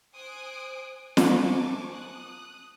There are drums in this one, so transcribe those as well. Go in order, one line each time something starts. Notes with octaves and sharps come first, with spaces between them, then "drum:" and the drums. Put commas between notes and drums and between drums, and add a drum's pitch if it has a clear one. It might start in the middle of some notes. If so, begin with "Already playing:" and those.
C5 G#5 D#6 F#6 D7
A#4 C5 G#5 A5 C#6 D6, drum: snare
D#6 F#6